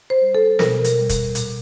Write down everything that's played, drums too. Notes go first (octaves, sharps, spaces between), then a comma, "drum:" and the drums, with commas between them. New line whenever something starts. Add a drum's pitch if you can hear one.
C5
G3
A4
B2 A#4, drum: snare
drum: hi-hat
G3
drum: kick, hi-hat
A#2, drum: hi-hat